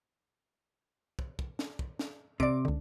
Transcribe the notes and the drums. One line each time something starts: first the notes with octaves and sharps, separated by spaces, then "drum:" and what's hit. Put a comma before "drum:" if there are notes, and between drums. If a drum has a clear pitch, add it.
drum: kick
drum: kick
drum: snare
drum: kick
drum: snare
C3 D5 D7, drum: kick
C#2 D3